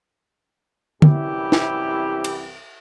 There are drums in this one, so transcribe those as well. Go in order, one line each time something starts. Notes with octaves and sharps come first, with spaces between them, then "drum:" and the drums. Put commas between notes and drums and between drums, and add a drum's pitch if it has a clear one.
C2 F#2 C3 E3 E4 G4, drum: tom D3
drum: snare
drum: cymbal